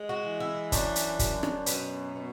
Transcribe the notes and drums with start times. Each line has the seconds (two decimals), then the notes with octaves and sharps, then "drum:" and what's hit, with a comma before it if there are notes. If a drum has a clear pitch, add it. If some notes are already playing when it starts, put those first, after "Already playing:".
Already playing: G#3
0.09 F#4
0.24 E3
0.40 E4
0.72 F#2 D4, drum: kick, hi-hat
0.96 drum: hi-hat
1.19 F#2, drum: kick, hi-hat
1.43 drum: rim click
1.66 B2 B3, drum: hi-hat
2.15 B2